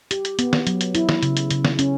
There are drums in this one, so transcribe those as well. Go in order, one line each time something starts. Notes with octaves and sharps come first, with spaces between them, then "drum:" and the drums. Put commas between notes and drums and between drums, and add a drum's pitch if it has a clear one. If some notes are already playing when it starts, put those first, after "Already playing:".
G4, drum: hi-hat
drum: hi-hat
B3, drum: hi-hat
drum: snare
F#3, drum: hi-hat
drum: hi-hat
E4, drum: hi-hat
drum: snare
C#3, drum: hi-hat
drum: hi-hat
C#3, drum: hi-hat
drum: snare
C#4, drum: hi-hat